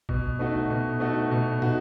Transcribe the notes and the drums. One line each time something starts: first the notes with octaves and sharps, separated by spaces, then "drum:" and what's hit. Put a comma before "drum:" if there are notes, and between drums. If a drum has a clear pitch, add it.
B2, drum: kick A1
A3 D#4 F#4
B2
A3 D#4 F#4
B2
D#4 F#4, drum: tom